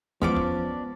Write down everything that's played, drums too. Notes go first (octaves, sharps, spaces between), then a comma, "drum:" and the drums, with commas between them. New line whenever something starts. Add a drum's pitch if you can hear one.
E2 F3 G#3 B3 C#4 D4 C5 D6, drum: kick
drum: kick